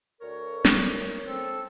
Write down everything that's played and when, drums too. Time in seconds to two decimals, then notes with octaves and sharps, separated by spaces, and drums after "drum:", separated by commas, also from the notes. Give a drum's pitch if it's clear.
0.21 D2 A#4 C#5
0.65 drum: snare
1.26 C4 A4